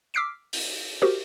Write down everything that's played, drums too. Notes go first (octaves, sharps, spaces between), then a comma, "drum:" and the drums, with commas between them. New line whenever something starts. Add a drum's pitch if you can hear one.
D6 E6 F6 B6 C7 D7
drum: open hi-hat
F#4 G4 A#4 C5